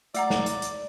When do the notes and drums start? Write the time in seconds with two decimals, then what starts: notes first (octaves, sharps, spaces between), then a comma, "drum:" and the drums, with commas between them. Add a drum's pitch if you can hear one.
0.14 A3 D5 F#5 A#5, drum: hi-hat
0.30 drum: snare
0.46 drum: hi-hat
0.62 drum: hi-hat